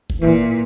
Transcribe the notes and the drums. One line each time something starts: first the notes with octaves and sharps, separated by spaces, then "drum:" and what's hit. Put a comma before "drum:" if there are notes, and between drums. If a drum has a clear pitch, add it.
drum: kick F#1
A#2 E3